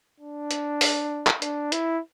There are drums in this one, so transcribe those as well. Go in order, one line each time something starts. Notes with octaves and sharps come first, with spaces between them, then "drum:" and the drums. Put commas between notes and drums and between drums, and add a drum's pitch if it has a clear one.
D4
drum: hi-hat
drum: open hi-hat
drum: clap
D4, drum: hi-hat
E4, drum: hi-hat